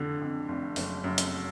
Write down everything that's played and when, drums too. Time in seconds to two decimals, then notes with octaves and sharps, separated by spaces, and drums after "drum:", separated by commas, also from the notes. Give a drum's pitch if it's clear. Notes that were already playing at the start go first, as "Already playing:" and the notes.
Already playing: F1 F2 D3
0.21 F2
0.48 F1
0.76 F#1, drum: open hi-hat
1.04 F#2
1.18 drum: hi-hat